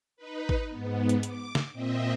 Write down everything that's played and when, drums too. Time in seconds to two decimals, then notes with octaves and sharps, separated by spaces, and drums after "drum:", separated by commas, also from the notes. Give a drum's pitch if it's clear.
0.16 D#4 B4
0.49 drum: kick
0.69 G#2 B3
1.09 drum: hi-hat
1.23 D6, drum: hi-hat
1.55 drum: snare
1.72 A#2 C4 D#5 E5